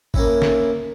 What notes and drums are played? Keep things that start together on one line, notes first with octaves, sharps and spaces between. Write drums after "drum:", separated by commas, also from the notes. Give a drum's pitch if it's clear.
A#3 C#4 E4, drum: kick G#1
drum: snare